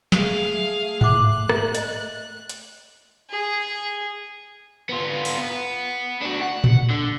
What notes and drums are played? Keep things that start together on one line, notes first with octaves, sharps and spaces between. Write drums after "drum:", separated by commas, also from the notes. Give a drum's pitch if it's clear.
A3 G#4 F5, drum: snare
F#5 D6 F#6, drum: tom G#2
drum: rim click
D#5, drum: hi-hat
drum: hi-hat
G#4
B3 F4
drum: open hi-hat
B3
D4 F#4
F#5
drum: tom A2
D3